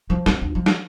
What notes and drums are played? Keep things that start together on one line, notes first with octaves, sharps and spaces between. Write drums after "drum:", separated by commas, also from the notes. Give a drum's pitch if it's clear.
F3
C4, drum: snare
D2
F3
drum: snare